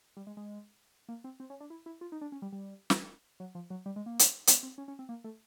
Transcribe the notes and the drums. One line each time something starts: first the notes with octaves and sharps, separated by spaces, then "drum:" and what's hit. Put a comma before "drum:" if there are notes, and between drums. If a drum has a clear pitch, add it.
G3
G#3
G#3
A#3
C4
C4
C#4
D4
E4
E4
F4
D#4
D4
C#4
G3
G3
drum: snare
F#3
F3
F#3
G3
G#3
A#3
drum: hi-hat
B3, drum: hi-hat
C4
C#4
C#4
C4
A#3
A3